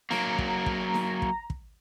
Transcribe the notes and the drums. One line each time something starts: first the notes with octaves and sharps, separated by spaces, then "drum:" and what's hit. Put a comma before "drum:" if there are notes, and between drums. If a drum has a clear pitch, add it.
F#3 A#3 A#5, drum: snare D#4
drum: kick
drum: kick
drum: snare D#4
drum: kick
drum: kick